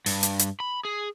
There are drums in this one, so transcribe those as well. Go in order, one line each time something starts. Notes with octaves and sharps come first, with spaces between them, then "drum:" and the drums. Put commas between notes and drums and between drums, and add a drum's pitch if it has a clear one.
G2, drum: open hi-hat
drum: hi-hat
drum: hi-hat
B5
G#4